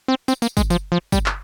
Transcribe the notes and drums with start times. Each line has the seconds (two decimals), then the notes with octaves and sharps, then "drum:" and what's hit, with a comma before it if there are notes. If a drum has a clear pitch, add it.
0.08 C4
0.28 C4, drum: tambourine
0.42 A#3, drum: tambourine
0.57 G#3, drum: kick, tambourine
0.70 F3, drum: tambourine
0.92 F3
1.12 G3, drum: kick, tambourine
1.26 drum: clap